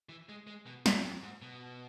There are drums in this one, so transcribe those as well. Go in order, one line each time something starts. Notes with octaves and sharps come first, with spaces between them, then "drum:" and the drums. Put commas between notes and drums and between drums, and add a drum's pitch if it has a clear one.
E3
G#3
G#3
B2
A2, drum: snare
F2
G#2
B2